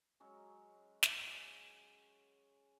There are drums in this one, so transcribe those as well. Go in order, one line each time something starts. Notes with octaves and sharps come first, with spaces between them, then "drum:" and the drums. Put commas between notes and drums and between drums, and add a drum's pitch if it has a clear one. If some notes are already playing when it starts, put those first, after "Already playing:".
F#3 G#3 C#4
drum: snare